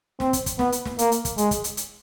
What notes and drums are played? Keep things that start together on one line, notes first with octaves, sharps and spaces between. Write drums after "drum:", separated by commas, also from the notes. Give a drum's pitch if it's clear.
C4, drum: snare
drum: kick, hi-hat
drum: kick, hi-hat
B3, drum: snare
drum: hi-hat
drum: snare
A#3, drum: hi-hat
drum: hi-hat
drum: kick, hi-hat
G#3, drum: hi-hat
drum: kick, hi-hat
drum: hi-hat
drum: hi-hat